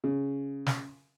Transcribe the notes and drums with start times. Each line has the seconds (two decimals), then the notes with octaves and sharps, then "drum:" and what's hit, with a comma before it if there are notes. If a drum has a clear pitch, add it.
0.04 C#3
0.66 drum: snare